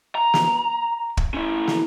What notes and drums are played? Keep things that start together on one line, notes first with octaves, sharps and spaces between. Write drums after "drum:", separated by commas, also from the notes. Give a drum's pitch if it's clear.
A#5
drum: snare
drum: kick
C#4 E4
drum: snare